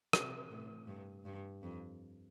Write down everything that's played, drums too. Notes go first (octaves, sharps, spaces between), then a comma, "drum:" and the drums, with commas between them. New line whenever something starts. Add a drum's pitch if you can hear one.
C3, drum: rim click
A2
G2
G2
F2